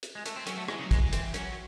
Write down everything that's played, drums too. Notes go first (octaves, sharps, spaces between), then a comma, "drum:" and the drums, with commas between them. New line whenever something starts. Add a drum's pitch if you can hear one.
drum: hi-hat
G#3
A3, drum: hi-hat
C4
F#3 C#4, drum: hi-hat
A3
E3 G#3, drum: rim click
C#3 F#3
G#3, drum: kick, hi-hat
E3
C4, drum: hi-hat
F#3 C#4, drum: hi-hat